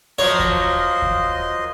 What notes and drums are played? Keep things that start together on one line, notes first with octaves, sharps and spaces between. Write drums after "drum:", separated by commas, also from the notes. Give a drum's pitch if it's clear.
F3 F#3 A#3 C5 C#5 D#5
drum: kick D#2
drum: kick D#2